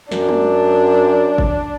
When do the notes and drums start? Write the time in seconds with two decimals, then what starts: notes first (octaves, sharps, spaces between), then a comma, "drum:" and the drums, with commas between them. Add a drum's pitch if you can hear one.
0.12 F#2 D4, drum: snare
0.28 drum: tom G#3
1.38 drum: kick G1